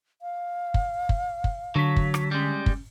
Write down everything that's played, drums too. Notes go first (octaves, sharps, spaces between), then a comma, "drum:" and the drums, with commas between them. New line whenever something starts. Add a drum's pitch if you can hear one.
F5
drum: kick
drum: kick
drum: kick
D3 F#3 B6
drum: kick
drum: rim click
G3 G#3 C#4
drum: kick